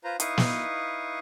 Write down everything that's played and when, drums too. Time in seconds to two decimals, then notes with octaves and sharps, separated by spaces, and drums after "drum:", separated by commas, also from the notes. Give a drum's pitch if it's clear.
0.04 F4 B4 C5 A#5
0.20 D#4 E4 B4 F5 C#6 D#6, drum: hi-hat
0.38 drum: snare